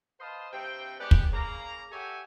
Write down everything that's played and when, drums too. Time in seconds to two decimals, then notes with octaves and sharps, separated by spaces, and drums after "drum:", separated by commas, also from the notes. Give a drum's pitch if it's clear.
0.20 B4 C5 D#5 F5 A5 C6
0.53 G2 C3 C4 G5
1.00 G#3 B3 D4 G4
1.11 drum: kick
1.32 C#3 A#3 A#5
1.92 G4 A4 C#5 E5 F#5 G#5